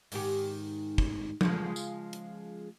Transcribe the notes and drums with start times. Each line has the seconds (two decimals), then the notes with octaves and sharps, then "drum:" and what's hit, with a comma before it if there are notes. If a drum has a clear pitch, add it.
0.12 G#2 D#3 G4, drum: open hi-hat
0.98 drum: kick
1.41 C#3 F3 G#3, drum: tom F3
1.76 drum: tambourine
2.13 drum: hi-hat